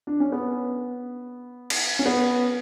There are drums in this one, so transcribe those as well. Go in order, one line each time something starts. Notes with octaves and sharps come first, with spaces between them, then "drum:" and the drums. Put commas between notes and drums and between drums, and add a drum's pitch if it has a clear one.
D4
C#4
B3
drum: cymbal
C#4
B3